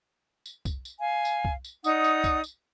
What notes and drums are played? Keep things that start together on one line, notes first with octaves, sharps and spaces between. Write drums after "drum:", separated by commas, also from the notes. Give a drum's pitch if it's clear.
drum: tambourine
drum: kick, tambourine
drum: tambourine
F5 G#5
drum: tambourine
drum: kick
drum: tambourine
D#4 D5 F#5 D#6, drum: tambourine
drum: tambourine
drum: kick, tambourine
drum: tambourine